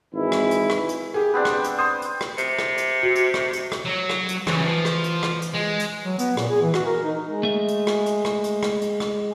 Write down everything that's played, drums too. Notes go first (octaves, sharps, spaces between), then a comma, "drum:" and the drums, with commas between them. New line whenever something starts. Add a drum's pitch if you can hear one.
G#1 E3 G#3 E4
drum: rim click
drum: hi-hat
drum: rim click
drum: hi-hat
G4 G#4
B3 C4 D4
drum: rim click
drum: hi-hat
C5 C6 D#6
drum: hi-hat
drum: rim click
C3, drum: hi-hat
drum: rim click
drum: hi-hat
F#4
drum: hi-hat
drum: rim click
drum: hi-hat
drum: rim click
F#3
drum: rim click
drum: hi-hat
C#3 E3 F3, drum: rim click
F3
drum: rim click
drum: hi-hat
drum: rim click
drum: hi-hat
G#3
drum: hi-hat
F#3
B3, drum: hi-hat
A#2, drum: rim click
G#4
E3
F#4, drum: rim click
A#4
D#4
G#3
A3 E5
drum: hi-hat
drum: rim click
drum: hi-hat
drum: rim click
drum: hi-hat
drum: rim click
drum: hi-hat
drum: rim click